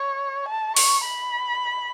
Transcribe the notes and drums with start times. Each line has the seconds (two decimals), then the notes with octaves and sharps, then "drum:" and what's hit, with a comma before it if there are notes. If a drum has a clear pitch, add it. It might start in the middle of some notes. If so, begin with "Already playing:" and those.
Already playing: C#5
0.48 A5
0.76 C#6, drum: open hi-hat
1.05 B5